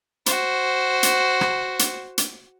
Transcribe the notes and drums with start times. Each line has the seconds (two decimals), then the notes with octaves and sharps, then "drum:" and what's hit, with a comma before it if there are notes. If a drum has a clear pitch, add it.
0.26 F#4 C5, drum: hi-hat
1.03 drum: hi-hat
1.41 drum: rim click
1.79 drum: hi-hat
2.18 drum: hi-hat